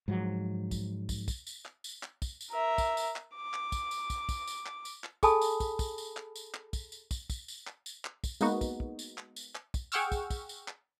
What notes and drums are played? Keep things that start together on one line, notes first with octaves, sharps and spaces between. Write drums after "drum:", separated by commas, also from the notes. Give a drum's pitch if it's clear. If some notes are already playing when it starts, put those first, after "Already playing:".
G#2 F3 F#3
drum: kick, tambourine
drum: kick, tambourine
drum: kick, tambourine
drum: tambourine
drum: clap
drum: tambourine
drum: clap
drum: kick, tambourine
drum: tambourine
A#4 E5
drum: kick, tambourine
drum: tambourine
drum: clap
D6
drum: clap
drum: kick, tambourine
drum: tambourine
drum: kick, tambourine
drum: kick, tambourine
drum: tambourine
drum: clap
drum: tambourine
drum: clap
G#4 A4 G#5 A5 B5 D#6, drum: kick, tambourine
drum: tambourine
drum: kick, tambourine
drum: kick, tambourine
drum: tambourine
drum: clap
drum: tambourine
drum: clap
drum: kick, tambourine
drum: tambourine
drum: kick, tambourine
drum: kick, tambourine
drum: tambourine
drum: clap
drum: tambourine
drum: clap
drum: kick, tambourine
G#3 A#3 B3 D#4 F#4, drum: tambourine
drum: kick, tambourine
drum: kick
drum: tambourine
drum: clap
drum: tambourine
drum: clap
drum: kick, tambourine
G#4 F#5 G5 C#6 E6 F6, drum: tambourine
drum: kick, tambourine
drum: kick, tambourine
drum: tambourine
drum: clap